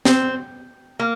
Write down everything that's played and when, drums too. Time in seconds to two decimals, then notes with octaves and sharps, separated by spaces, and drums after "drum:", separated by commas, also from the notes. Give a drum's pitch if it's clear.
0.05 C4, drum: snare
0.99 A#3